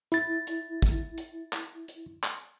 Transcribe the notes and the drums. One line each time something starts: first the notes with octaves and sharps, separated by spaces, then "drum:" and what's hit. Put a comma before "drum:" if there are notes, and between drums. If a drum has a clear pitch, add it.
E4 A6, drum: hi-hat
drum: hi-hat
drum: kick, hi-hat
drum: hi-hat
drum: clap
drum: hi-hat
drum: clap